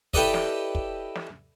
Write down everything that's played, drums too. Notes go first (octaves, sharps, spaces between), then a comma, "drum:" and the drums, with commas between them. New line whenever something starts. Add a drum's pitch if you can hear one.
E4 G4 A4 B4 D5 D#5, drum: kick
drum: snare
drum: kick
drum: snare